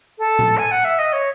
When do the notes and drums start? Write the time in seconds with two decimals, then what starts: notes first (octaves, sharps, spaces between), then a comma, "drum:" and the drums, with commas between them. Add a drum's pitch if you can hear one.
0.19 A4
0.39 drum: tom A2
0.58 G#5
0.71 F#5
0.85 E5
0.99 D#5
1.13 C#5